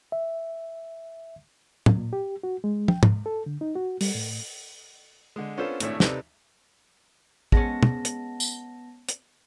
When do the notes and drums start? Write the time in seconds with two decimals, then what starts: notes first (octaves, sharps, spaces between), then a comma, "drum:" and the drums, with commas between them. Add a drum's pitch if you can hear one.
0.12 E5
1.86 drum: tom A2
1.97 A#2
2.13 G4
2.43 F#4
2.64 G#3
2.88 G5, drum: tom
3.03 G#2, drum: tom
3.26 A4
3.46 D3
3.61 D#4
3.76 F#4
4.01 G3, drum: open hi-hat
4.15 A2
5.36 D3 G#3
5.57 B3 C#4 D4 F4 A4 C5
5.80 G#1 A2 A3 D4 C#5 E6, drum: hi-hat
6.00 C3 D#4 A4 B4 D5, drum: snare
7.52 G#3 B3 C#4 A5 A#6, drum: kick
7.83 drum: tom
8.05 drum: hi-hat
8.40 drum: tambourine
9.09 drum: hi-hat